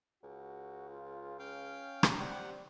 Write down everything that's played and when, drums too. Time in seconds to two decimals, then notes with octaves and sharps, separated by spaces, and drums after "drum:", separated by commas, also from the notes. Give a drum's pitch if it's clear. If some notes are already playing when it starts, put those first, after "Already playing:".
0.23 C#2 F#4
0.89 F4
1.39 C#4 F5 G5
2.03 drum: rim click
2.19 G3 C4 G4 F#5